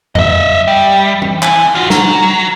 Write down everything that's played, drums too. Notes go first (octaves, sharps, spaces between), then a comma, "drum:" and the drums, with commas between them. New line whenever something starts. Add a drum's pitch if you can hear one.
D#5 E5, drum: tom F2
G3
drum: tom E3
E3, drum: clap
F4 F#4
F#3, drum: snare